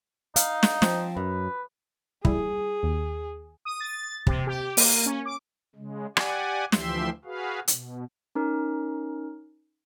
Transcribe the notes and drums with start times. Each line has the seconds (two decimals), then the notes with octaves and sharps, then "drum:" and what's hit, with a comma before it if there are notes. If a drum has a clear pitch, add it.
0.36 D#4 F5, drum: hi-hat
0.63 drum: snare
0.82 F3 C4, drum: snare
1.17 F#2 B4
2.25 G3 E4 G#4, drum: kick
2.83 D#2
3.65 D#6
3.80 A6
4.27 C3, drum: kick
4.47 G4
4.77 A#3, drum: open hi-hat
5.06 C#4
5.25 D6
5.76 C#3 G#3
6.17 G4 D5 F#5 G#5, drum: rim click
6.72 D2 E3 F3 G4 E5 C6, drum: snare
7.25 F#4 G#4 B4 F5
7.68 B2, drum: hi-hat
8.35 C#4 D#4 A#4